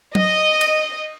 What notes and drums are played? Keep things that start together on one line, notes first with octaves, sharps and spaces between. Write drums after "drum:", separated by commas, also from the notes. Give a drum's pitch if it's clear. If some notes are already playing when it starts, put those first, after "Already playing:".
D#5, drum: tom F#3
drum: cymbal